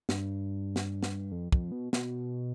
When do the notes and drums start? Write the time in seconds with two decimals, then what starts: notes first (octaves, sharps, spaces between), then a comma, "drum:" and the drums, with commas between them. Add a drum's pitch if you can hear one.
0.09 G2, drum: snare
0.76 drum: snare
1.03 drum: snare
1.32 F2
1.52 F2, drum: kick
1.72 B2
1.93 B2, drum: snare